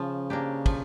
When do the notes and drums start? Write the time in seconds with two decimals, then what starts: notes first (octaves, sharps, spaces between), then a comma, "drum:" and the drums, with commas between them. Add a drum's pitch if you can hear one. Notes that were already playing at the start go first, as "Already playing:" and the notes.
Already playing: C#3 F3
0.30 A#3 D4 G4
0.66 F3, drum: kick, cymbal